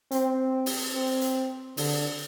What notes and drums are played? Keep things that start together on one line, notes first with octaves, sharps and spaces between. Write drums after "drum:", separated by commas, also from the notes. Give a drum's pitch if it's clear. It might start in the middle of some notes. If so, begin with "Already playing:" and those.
C4, drum: hi-hat
drum: open hi-hat
C4
drum: hi-hat
D3, drum: open hi-hat